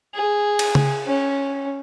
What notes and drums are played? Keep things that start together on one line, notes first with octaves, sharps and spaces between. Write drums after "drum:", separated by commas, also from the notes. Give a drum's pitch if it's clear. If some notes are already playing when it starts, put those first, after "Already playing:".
G#4
drum: cymbal
drum: tom C#3
C#4